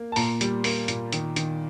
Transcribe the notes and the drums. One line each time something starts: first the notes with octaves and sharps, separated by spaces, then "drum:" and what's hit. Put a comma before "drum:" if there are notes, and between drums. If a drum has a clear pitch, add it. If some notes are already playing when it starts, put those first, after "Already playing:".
Already playing: A#3
A5
A#2 A#5, drum: open hi-hat
G3, drum: hi-hat
A#3, drum: open hi-hat
A#2, drum: hi-hat
D#3, drum: hi-hat
D#3, drum: hi-hat